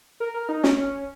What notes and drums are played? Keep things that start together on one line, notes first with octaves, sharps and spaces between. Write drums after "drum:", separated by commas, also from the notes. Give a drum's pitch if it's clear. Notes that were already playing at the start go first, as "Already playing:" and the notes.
A#4
A#4
D#4
C#4, drum: snare
C#4